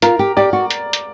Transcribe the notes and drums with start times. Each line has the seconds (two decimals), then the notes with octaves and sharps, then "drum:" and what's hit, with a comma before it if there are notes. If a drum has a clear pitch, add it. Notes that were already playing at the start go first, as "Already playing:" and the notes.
0.02 F4 A#4, drum: hi-hat
0.19 G4
0.37 G4 D5
0.53 F#4
0.71 drum: hi-hat
0.93 drum: hi-hat